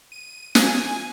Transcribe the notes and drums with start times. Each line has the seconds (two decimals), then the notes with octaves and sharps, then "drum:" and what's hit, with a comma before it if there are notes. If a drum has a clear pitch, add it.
0.12 D#7
0.55 G#5, drum: snare